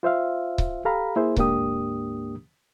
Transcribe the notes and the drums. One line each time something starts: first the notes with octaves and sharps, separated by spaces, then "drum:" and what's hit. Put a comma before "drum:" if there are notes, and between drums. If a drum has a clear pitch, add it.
F4 C5 E5 F5
drum: kick C#1
G4 A4 F5 A#5 B5
A#3 E4 G#4 C5
D2 G#2 A#3 D4 G4 D#6, drum: kick C#1